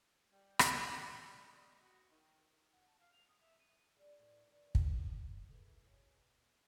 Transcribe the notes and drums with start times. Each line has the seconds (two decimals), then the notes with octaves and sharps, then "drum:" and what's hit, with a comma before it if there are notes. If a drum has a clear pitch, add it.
0.31 G3
0.59 drum: rim click
0.76 C#3
1.09 G3
1.49 D#5
1.80 F#4
2.10 D#3
2.72 F#5
2.87 A5
2.99 F5
3.12 F7
3.28 D#6
3.41 E5
3.59 D#7
3.95 D4 G#4
4.18 A2 E3
4.47 D#3 E3 D4
4.75 drum: kick
5.27 D#2
5.51 E3 G#3 A3
5.82 B2 G#4 C#5